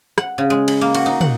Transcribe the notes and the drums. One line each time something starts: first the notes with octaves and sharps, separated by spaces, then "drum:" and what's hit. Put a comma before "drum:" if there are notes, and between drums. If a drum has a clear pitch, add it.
F#5, drum: rim click
C#3
G#3
B5, drum: cymbal
A#3
F#4, drum: cymbal
D#4
F#5, drum: tom